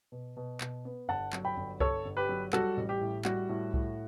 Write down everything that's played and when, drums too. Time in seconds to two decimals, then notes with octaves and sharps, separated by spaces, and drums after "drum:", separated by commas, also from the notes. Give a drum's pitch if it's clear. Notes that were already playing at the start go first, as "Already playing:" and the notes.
0.12 B2
0.37 B2
0.61 B2, drum: clap
0.85 B3
1.08 G1 F#5 A5
1.33 F#3, drum: clap
1.45 G5 B5
1.57 G1
1.80 G1 A4 C#5, drum: kick C2
2.05 G1
2.17 G4 B4
2.29 F#3
2.53 G3 F#4 A4, drum: clap
2.77 A1
2.89 G4
3.01 A2
3.25 G3 F#4, drum: clap
3.49 A2
3.74 A2, drum: kick C2